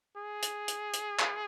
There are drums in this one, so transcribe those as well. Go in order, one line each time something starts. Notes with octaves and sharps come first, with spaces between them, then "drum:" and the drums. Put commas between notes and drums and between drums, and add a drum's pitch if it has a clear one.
G#4
drum: hi-hat
drum: hi-hat
drum: hi-hat
drum: clap